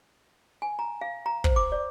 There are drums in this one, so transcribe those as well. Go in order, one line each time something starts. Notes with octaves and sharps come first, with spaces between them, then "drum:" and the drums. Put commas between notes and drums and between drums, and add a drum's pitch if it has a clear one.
G#5
A#5
F5
A#5
C5, drum: kick
D6
D5